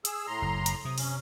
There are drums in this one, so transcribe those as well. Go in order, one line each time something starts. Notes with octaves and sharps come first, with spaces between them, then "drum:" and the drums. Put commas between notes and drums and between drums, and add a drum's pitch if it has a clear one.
G#4 E6, drum: hi-hat
A2 A#5 C6
F#1
drum: hi-hat
C3 D#6
C#4, drum: open hi-hat